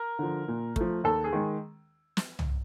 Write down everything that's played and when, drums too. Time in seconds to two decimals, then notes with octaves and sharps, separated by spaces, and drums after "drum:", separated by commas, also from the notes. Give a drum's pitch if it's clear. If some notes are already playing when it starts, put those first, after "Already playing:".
Already playing: A#4
0.19 D3 F3
0.48 A#2
0.76 F3 A3, drum: kick
1.04 D#2 A4
1.24 G#4
1.33 D#3 G#3
2.17 drum: snare
2.39 drum: tom C2